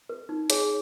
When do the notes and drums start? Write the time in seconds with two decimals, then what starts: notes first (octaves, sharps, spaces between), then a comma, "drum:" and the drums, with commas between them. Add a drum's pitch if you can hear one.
0.09 A#4
0.29 D#4
0.50 G#4 C#5 G#5, drum: hi-hat